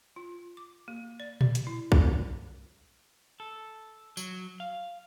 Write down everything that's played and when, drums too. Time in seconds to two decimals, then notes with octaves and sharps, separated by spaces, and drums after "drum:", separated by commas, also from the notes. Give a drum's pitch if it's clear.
0.16 F4
0.57 D6
0.88 A#3
1.20 D5
1.41 D5, drum: tom A#2
1.55 drum: hi-hat
1.67 E4
1.92 D#3, drum: kick
3.40 A4
4.17 F#3, drum: tambourine
4.60 F5